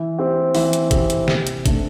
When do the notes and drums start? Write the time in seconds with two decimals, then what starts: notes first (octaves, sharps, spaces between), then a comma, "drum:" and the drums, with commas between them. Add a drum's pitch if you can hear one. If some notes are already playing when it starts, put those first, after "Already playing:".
Already playing: E3
0.18 C4 G4
0.55 E3, drum: open hi-hat
0.73 drum: hi-hat
0.91 C4 G4, drum: kick, hi-hat
1.10 drum: hi-hat
1.28 C3, drum: snare
1.47 drum: hi-hat
1.66 A3 D4, drum: kick, hi-hat